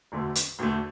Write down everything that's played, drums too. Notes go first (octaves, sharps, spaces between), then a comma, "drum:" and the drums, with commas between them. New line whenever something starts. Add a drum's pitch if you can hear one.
E1 D2 D3 A3
drum: hi-hat
E1 D2 D3 A3